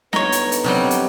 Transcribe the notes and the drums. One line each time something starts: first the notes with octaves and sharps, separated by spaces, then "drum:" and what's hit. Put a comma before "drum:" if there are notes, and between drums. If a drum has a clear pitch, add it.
G1 D3 D#4 B4 C#5, drum: snare
drum: hi-hat
drum: hi-hat
C3 F#3 G3
drum: hi-hat